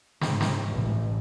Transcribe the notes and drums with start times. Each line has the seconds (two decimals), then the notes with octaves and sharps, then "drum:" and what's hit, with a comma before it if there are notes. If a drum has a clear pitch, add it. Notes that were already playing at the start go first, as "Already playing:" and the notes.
0.21 G#2, drum: snare
0.41 drum: snare
0.70 A1